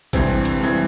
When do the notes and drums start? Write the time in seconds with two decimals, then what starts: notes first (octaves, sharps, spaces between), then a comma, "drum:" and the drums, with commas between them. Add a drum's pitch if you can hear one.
0.13 G2 C3 E3 C4, drum: kick A1, hi-hat
0.45 drum: hi-hat
0.60 G2 E3